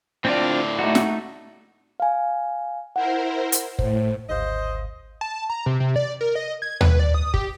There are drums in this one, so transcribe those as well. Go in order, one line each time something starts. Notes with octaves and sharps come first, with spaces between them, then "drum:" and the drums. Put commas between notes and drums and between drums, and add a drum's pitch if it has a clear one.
A2 C4 D4 F4 D5
A3 D#4 F#4
drum: snare
F5 G#5
E4 A#4 C5 F#5
drum: hi-hat
A2 C5, drum: kick
G#1 D2 C5 D#5 F5
A5
A#5
C3
C3
D5
A#4
D#5
G#6
B4, drum: tom D#2
D5
D#6
G4, drum: kick